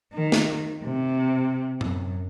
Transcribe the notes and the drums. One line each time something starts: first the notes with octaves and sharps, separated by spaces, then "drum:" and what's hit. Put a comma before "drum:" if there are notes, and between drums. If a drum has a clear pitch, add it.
D#3
drum: snare
C3
F#2, drum: tom A2